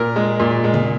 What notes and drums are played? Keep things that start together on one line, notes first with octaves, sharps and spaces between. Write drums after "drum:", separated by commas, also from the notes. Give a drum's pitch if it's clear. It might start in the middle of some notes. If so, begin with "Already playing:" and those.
Already playing: A#2 A#4
G#3
A#2
G#3
drum: tom C#3